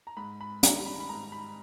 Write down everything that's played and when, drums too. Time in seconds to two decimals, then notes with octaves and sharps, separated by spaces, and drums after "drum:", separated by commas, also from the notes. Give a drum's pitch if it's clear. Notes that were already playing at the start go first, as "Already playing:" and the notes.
0.07 A#5
0.17 G#2 B5
0.41 B5
0.63 D#3 G3 A#5, drum: hi-hat
0.86 B5
1.00 B5
1.09 G#2 A#5
1.32 B5